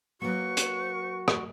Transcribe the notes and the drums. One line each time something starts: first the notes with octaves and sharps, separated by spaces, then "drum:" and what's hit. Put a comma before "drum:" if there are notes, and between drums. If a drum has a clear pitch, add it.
F#3 A#3 F#4 B4 C#6
drum: hi-hat
drum: rim click